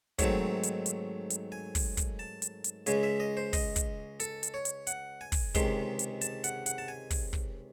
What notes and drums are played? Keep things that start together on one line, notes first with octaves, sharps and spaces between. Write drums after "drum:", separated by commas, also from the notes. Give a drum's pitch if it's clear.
G#2 D#3 F#3 A3 C4 C#5, drum: kick, hi-hat
drum: hi-hat
drum: hi-hat
drum: hi-hat
G#5
drum: kick, open hi-hat
drum: kick, hi-hat
A5
drum: hi-hat
drum: hi-hat
C#2 C#3 G#3 G#5, drum: hi-hat
E5
D#5
C5
D#5, drum: kick, open hi-hat
drum: kick, hi-hat
A4, drum: hi-hat
drum: hi-hat
C#5
drum: hi-hat
F#5, drum: hi-hat
G#5
drum: kick, open hi-hat
C#2 C3 D#3 G#3 C6, drum: kick, hi-hat
drum: hi-hat
A5, drum: hi-hat
F#5, drum: hi-hat
F#5, drum: hi-hat
A5
G#5
drum: kick, open hi-hat
drum: kick